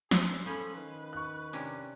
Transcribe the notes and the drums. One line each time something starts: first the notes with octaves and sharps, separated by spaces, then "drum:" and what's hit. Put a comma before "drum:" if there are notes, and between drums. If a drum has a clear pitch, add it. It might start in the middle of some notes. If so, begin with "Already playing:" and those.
G#4 B4 C6 E6, drum: snare
F3 C#4 A4 B5
D#3 B4
C#6 F#6
C3 C#4 D4